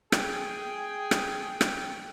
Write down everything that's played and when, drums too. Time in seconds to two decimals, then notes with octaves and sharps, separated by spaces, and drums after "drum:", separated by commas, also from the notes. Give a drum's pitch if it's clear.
0.12 G#4 G5, drum: rim click
1.11 drum: rim click
1.61 drum: rim click